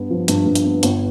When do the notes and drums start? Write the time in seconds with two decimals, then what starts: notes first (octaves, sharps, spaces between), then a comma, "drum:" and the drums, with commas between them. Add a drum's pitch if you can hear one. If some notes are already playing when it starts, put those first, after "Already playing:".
Already playing: G2 B3
0.10 F3
0.28 G2, drum: hi-hat
0.46 G2
0.55 drum: hi-hat
0.64 B3
0.83 G1, drum: hi-hat